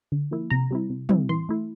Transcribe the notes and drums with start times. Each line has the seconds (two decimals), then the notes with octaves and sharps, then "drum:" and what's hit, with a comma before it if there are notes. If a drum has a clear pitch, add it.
0.12 D3
0.31 F3 A#3 E4
0.50 C3 A#5
0.71 G3 C4 E4
0.90 C3
1.09 G3 C4 E4, drum: tom
1.29 E3 C6
1.49 A3 E4